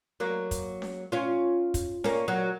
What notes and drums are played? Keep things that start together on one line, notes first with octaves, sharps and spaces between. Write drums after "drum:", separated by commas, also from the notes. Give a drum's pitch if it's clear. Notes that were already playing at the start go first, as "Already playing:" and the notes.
F#3 A#3
drum: kick, hi-hat
drum: snare C#4
C#4 F4
drum: kick, hi-hat
A#3 C#4, drum: snare C#4
F#3 A#3